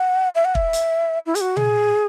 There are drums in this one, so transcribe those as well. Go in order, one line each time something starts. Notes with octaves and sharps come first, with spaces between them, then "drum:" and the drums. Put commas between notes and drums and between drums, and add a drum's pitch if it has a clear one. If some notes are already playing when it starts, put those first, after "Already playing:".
Already playing: F#5
E5
F#5
E5, drum: kick
drum: hi-hat
E4
G#4, drum: hi-hat
F#4
G#4, drum: tom A#2